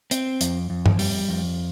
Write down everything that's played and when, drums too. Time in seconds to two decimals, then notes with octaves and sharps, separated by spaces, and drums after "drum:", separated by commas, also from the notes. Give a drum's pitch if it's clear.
0.11 C4, drum: hi-hat
0.41 F2, drum: hi-hat
0.70 F2
0.86 drum: tom G2
0.99 G3, drum: open hi-hat
1.29 F2